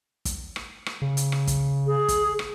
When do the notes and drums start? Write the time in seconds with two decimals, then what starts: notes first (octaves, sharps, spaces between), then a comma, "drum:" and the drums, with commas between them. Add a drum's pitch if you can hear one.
0.25 drum: kick, hi-hat
0.56 drum: rim click
0.86 drum: rim click
1.02 C#3
1.17 drum: hi-hat
1.32 drum: rim click
1.47 drum: kick, hi-hat
1.86 G#4
2.08 drum: kick, hi-hat
2.39 drum: rim click